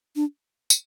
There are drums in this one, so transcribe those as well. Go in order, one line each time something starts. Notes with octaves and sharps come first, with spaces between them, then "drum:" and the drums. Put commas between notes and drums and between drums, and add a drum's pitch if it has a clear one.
D4
drum: tambourine